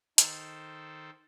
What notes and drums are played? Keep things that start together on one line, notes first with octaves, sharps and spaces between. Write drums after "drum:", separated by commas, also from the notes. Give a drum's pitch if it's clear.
D#3 A4 C5, drum: hi-hat